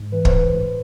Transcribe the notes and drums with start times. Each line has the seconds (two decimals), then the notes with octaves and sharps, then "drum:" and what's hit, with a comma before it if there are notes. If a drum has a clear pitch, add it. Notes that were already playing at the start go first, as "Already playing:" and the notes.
Already playing: G#2
0.12 E3 B4
0.25 C5, drum: kick
0.32 G2 B4
0.54 A2